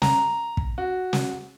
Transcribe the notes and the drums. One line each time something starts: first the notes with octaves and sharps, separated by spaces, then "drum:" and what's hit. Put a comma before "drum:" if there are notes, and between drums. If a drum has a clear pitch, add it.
A#5, drum: snare
drum: kick
F#4
drum: snare